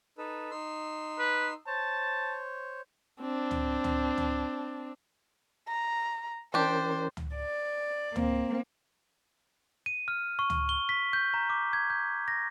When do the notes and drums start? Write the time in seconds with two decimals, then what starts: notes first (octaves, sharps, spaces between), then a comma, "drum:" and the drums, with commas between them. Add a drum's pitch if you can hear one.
0.18 D#4 A4 B4
0.51 D#4 C6 E6
1.19 B4
1.67 C5 C#5 A5
3.21 C4 D4
3.51 drum: tom C#2
3.84 drum: tom C#2
4.17 drum: tom C#2
5.68 A#5
6.54 E3 C#4 D4 G4 A#4 C5
7.17 drum: tom C#2
7.36 D5
8.16 A#3 C4, drum: tom C#2
9.86 D#7
10.08 F6
10.39 C#6
10.50 drum: tom C#2
10.69 G7
10.89 B6
11.13 G6
11.34 A#5
11.50 D6
11.73 G#6
11.90 G6
12.28 A#6